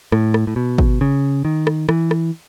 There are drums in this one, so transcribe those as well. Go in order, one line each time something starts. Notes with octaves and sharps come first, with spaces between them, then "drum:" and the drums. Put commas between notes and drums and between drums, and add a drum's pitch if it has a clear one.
A2, drum: rim click
drum: rim click
A2
B2
drum: kick
C#3
D#3
drum: rim click
E3, drum: rim click
drum: rim click